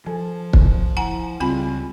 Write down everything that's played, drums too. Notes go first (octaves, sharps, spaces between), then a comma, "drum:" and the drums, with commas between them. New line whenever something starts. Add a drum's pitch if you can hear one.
F3 A4 G#5
drum: kick
E4 F#5 G#5 A#5
C#2 G3 C4 F4 G#5 B5